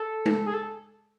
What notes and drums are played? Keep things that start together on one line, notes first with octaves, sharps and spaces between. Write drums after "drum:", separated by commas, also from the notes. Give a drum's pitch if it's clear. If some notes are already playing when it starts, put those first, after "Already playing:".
Already playing: A4
drum: tom G#3
G#4
A4